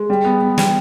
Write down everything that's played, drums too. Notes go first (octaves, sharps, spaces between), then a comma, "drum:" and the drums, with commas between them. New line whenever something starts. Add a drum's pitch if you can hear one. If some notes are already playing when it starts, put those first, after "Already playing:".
Already playing: G#3
G3
B3
B3
G3, drum: snare